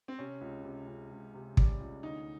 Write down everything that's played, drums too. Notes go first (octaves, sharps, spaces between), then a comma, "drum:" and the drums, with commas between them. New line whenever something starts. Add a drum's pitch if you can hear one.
C4
C3 C#4
C#2
C3
C#2
C#2
C3
G3, drum: kick
C#2
D2 D#4